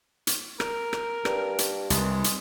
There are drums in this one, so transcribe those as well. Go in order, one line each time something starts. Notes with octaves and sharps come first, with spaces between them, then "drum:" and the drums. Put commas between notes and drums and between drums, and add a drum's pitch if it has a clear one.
drum: hi-hat
A#4, drum: rim click
drum: rim click
G2, drum: rim click
drum: hi-hat
C2 G#3, drum: hi-hat
drum: hi-hat